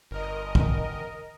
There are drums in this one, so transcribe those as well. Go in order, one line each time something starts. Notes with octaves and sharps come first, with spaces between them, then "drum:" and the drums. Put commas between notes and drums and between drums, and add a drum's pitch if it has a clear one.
G1 A#4 D#5
drum: kick